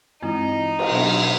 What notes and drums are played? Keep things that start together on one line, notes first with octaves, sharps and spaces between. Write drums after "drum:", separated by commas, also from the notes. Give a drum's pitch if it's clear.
G2 E3 G#3 C4 D#4 E4
drum: cymbal
B2 F#3 B3 D4